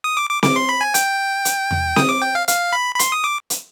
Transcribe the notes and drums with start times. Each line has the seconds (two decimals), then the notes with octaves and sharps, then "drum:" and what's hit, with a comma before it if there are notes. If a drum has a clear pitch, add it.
0.04 D#6
0.17 D6
0.30 D6
0.43 D6, drum: snare C4
0.56 C6
0.69 B5
0.81 G#5
0.94 G5, drum: hi-hat
1.45 drum: hi-hat
1.71 drum: tom E2
1.96 D#6, drum: snare C4
2.09 D6
2.22 G5
2.35 F5
2.48 F5, drum: hi-hat
2.73 B5
2.95 B5
2.99 C6, drum: hi-hat
3.12 D#6
3.24 D6
3.50 drum: hi-hat